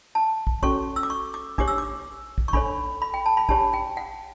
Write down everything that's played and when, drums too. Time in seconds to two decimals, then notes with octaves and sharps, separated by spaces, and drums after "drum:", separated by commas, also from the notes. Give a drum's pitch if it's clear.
0.15 A5
0.47 drum: kick
0.63 C#4 F#4 A4 C#5 C#6, drum: kick
0.96 E6
1.03 D6
1.10 C#6
1.34 D6
1.58 D4 G4 C#5 D6, drum: kick
1.68 E6
1.78 D6
2.38 drum: kick
2.48 C#6
2.53 D4 A4 C#5 B5, drum: kick
3.02 B5
3.14 G5
3.26 A5
3.37 B5
3.49 D4 G4 C#5 A5, drum: kick
3.73 G5
3.97 F#5